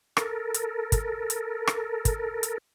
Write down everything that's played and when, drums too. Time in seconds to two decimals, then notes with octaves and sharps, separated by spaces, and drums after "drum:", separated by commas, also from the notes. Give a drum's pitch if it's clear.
0.17 A4 A#4, drum: rim click
0.54 drum: hi-hat
0.92 drum: kick, hi-hat
1.30 drum: hi-hat
1.67 drum: rim click
2.05 drum: kick, hi-hat
2.43 drum: hi-hat